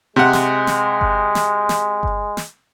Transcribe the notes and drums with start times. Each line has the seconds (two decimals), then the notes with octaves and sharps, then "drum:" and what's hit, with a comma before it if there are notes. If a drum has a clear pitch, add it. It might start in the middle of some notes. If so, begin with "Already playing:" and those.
0.16 C3 G#3 F#5
0.33 drum: snare
0.67 drum: snare
1.01 drum: kick G1
1.35 drum: snare
1.69 drum: snare
2.03 drum: kick G1
2.37 drum: snare